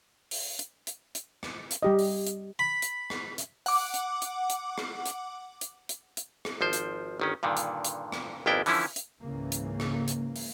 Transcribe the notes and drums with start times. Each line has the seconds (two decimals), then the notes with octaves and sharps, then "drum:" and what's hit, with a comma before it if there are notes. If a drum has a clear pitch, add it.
0.31 drum: open hi-hat
0.59 drum: hi-hat
0.87 drum: hi-hat
1.15 drum: hi-hat
1.43 drum: rim click
1.71 drum: hi-hat
1.83 G3 G4 D#5
1.99 drum: open hi-hat
2.27 drum: hi-hat
2.59 B5
2.82 drum: hi-hat
3.10 drum: rim click
3.38 drum: hi-hat
3.66 F#5 D6, drum: open hi-hat
3.94 drum: hi-hat
4.22 drum: hi-hat
4.50 drum: hi-hat
4.78 drum: rim click
5.06 drum: hi-hat
5.61 drum: hi-hat
5.89 drum: hi-hat
6.17 drum: hi-hat
6.45 drum: rim click
6.61 G#1 F3 C5
6.73 drum: hi-hat
7.20 G1 D#3 C#4
7.43 G2 A#2 D3 D#3
7.57 drum: hi-hat
7.85 drum: hi-hat
8.12 drum: rim click
8.46 G#1 F2 A#3 B3 E4 G5
8.66 D3 E3 F3 C#4 E4, drum: open hi-hat
8.96 drum: hi-hat
9.21 C#2 G#2 C#3 E3 A#3
9.52 drum: hi-hat
9.80 drum: rim click
10.08 drum: hi-hat
10.36 drum: open hi-hat